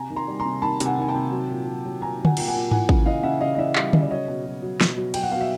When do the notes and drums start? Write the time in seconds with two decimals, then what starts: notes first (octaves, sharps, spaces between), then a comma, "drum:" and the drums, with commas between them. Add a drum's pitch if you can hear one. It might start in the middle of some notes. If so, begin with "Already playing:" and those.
Already playing: C3 G#5 A#5
0.10 D#3
0.16 A#5 C6
0.27 G3
0.40 A#5 C6
0.45 C3
0.62 D#3 A5 B5
0.80 C3, drum: hi-hat
0.85 F#5 G#5
0.98 D#3 G#5
1.08 G5 A5
1.15 C3
1.32 F#3
1.50 A#2
1.67 F#3
1.85 F#3
2.02 A#2 G#5 A#5
2.19 A#2
2.25 F#5 G#5, drum: tom D3
2.37 A#2 G5, drum: cymbal
2.48 F#5 G#5
2.54 A#2
2.71 E3 F#5 G#5, drum: tom G#2
2.89 C#3, drum: kick
3.06 E3 D#5 F5
3.23 C#3 E5 F#5
3.41 C#3 D#5 F5
3.55 D#5
3.58 E3 D5 E5
3.76 G3 D#5 F5, drum: clap
3.93 C#3 D#5, drum: tom D3
4.02 D5
4.11 F#3 C#5 D#5
4.28 B2
4.46 F#3
4.62 F#3
4.81 B2, drum: snare
4.97 F#3
5.14 F#3 G5, drum: cymbal
5.23 F#5
5.32 B2 F5
5.41 E5